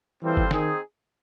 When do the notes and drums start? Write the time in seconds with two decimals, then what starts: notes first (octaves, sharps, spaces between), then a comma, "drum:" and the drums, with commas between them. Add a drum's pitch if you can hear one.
0.23 E3 G3 C4 F4 A4 C5
0.37 drum: kick G1
0.51 D#3 C4 D#4 G#4, drum: snare